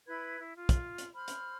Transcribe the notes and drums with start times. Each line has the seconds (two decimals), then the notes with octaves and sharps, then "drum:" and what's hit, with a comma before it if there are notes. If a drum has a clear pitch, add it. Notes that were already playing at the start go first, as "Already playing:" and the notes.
0.07 E4 B4 B5 G#6
0.39 E4
0.54 F4
0.69 drum: kick, hi-hat
0.98 drum: hi-hat
1.14 C5 B5 F6
1.28 drum: hi-hat